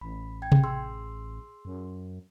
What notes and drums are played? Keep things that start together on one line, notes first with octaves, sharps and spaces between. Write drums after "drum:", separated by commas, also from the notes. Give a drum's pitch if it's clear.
A1 B5
G5 G#6
drum: tom C3
G#4 C6 E6
F#2